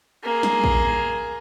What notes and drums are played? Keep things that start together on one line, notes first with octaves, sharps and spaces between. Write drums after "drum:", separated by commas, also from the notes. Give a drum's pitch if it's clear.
A#3 G#4
drum: snare
drum: kick A#1